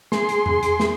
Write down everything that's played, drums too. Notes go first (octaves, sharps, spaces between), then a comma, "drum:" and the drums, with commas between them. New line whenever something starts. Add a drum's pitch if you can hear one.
G#4 C6, drum: snare
drum: hi-hat
drum: tom E2
drum: hi-hat
drum: snare